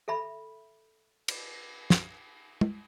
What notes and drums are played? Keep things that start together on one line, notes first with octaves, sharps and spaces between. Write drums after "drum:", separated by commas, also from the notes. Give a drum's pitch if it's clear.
A4 E5 B5
drum: cymbal
drum: snare
drum: tom